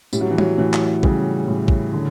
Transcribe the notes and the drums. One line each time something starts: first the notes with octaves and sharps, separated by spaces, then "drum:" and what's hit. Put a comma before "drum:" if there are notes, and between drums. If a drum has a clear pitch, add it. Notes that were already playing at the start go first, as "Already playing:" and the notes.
A2 G3, drum: tambourine
F#3
E3
F#3, drum: tom G3
A2 E3
drum: clap
C#3 G3, drum: kick A1
A2
drum: kick A1
D3